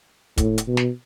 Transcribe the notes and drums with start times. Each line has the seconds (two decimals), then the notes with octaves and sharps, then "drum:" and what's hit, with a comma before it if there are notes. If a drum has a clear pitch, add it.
0.38 A2, drum: kick, hi-hat
0.58 drum: hi-hat
0.68 B2
0.77 drum: snare